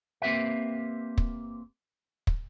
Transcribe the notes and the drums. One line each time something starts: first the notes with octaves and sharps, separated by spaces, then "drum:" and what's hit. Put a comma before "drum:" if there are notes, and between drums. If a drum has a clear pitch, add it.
A#3 C4 G4 B4 E5
drum: kick
drum: kick